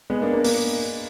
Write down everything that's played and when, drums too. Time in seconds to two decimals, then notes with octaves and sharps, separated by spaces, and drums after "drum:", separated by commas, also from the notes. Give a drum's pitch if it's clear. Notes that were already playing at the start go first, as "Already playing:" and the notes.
0.10 G#3 B3
0.22 A#3 D4
0.33 A#3 D4
0.44 A#3, drum: open hi-hat